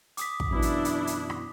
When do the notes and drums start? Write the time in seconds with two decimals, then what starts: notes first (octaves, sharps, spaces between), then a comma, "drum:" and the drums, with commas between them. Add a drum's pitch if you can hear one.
0.17 D6 D#6 B6, drum: hi-hat
0.40 drum: kick
0.51 F#2 B2 E3 D4 E4
0.62 drum: hi-hat
0.85 drum: hi-hat
1.07 drum: hi-hat
1.30 drum: rim click